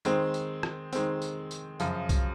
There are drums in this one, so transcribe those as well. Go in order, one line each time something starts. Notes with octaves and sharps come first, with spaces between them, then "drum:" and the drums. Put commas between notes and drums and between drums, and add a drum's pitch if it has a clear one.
D#3 G#3 C4, drum: tambourine
drum: tambourine
drum: rim click
D#3 G#3 C4, drum: tambourine
drum: tambourine
drum: tambourine
F#2 C#3 F3, drum: tambourine
drum: kick B1, tambourine